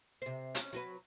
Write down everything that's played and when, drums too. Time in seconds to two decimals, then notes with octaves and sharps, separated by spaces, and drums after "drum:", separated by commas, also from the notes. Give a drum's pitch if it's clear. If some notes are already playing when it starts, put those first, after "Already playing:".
0.22 C3 C5
0.55 C#4, drum: hi-hat
0.73 F#3 F#4 B4